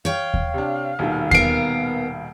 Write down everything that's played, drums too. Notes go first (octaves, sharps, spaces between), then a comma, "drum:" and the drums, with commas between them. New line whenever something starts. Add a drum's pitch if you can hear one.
C#5 F5 G5
drum: kick D#2
C3 D4
D#1 B2 D#3
B3 A#4 C7 D7, drum: kick D#2